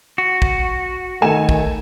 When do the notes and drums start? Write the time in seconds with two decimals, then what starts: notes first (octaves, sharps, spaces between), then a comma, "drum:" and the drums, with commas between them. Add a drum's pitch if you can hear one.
0.18 F#4
0.42 drum: kick
1.22 D#3 A3 G#5 E7
1.49 drum: kick